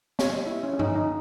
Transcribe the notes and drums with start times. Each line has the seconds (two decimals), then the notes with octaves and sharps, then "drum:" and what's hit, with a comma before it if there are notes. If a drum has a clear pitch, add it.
0.19 C#5, drum: snare
0.30 D#5
0.46 E4
0.63 C#4
0.73 C#4
0.79 D#4, drum: tom G2
0.95 D#4